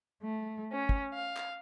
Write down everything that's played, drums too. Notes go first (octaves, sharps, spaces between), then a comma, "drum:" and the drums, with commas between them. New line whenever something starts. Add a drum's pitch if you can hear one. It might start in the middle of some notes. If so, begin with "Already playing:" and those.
A3
C#4
drum: kick
F5
drum: clap